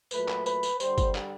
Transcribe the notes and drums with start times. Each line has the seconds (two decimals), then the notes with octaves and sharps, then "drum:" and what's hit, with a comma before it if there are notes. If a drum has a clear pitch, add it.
0.11 A#2 F#3 A3 B4, drum: tambourine
0.28 drum: clap
0.46 B4, drum: tambourine
0.63 drum: tambourine
0.80 G2 D3 G3 C5, drum: tambourine
0.98 drum: kick, tambourine
1.15 drum: clap